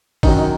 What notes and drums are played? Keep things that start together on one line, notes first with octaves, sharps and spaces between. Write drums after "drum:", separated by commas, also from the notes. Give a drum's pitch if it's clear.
F#2 D#3 F#3 D#4, drum: kick, open hi-hat
D#4